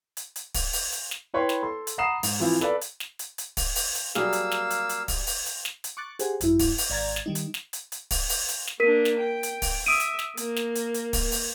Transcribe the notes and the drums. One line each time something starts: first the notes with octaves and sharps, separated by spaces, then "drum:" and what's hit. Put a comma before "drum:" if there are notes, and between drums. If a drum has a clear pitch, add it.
drum: hi-hat
drum: hi-hat
drum: kick, open hi-hat
drum: open hi-hat
drum: hi-hat
drum: snare
E4 B4 C#5 G5 B5 C6
drum: snare
A4 C6
drum: hi-hat
F#5 A#5 B5 D#6 C7 E7
G#2, drum: open hi-hat
E3 F3 C4 E4 F4
A4 B4 D5 F5, drum: snare
drum: hi-hat
drum: snare
drum: hi-hat
drum: hi-hat
drum: kick, open hi-hat
drum: open hi-hat
drum: hi-hat
F#3 G3 A#3 G#4 F5 E6, drum: snare
drum: hi-hat
drum: snare
drum: hi-hat
drum: hi-hat
drum: kick, open hi-hat
drum: open hi-hat
drum: hi-hat
drum: snare
drum: hi-hat
C#6 D6 F#6 A6
G4 G#4 C5 F#5 G#5, drum: hi-hat
G#1 F#2 E4, drum: hi-hat
drum: kick, open hi-hat
drum: open hi-hat
G#1 D5 F5 A#5 G#6 A6
drum: snare
D#3 G3 D#4
drum: hi-hat
drum: snare
drum: hi-hat
drum: hi-hat
drum: kick, open hi-hat
drum: open hi-hat
drum: hi-hat
drum: snare
A#3 D4 A#4 B6 D#7
drum: snare
G5
drum: hi-hat
drum: kick, open hi-hat
E5 D#6 D7 D#7
drum: hi-hat
drum: snare
A#3, drum: hi-hat
drum: snare
drum: hi-hat
drum: hi-hat
drum: kick, open hi-hat
drum: open hi-hat